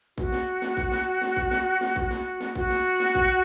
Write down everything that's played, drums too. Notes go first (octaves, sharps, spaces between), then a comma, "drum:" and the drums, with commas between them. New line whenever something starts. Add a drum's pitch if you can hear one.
F#4, drum: kick A1
drum: snare
drum: snare
drum: kick A1
drum: snare
drum: snare
drum: kick A1
drum: snare
drum: snare
drum: kick A1
drum: snare
drum: snare
F#4, drum: kick A1
drum: snare
drum: snare
drum: kick A1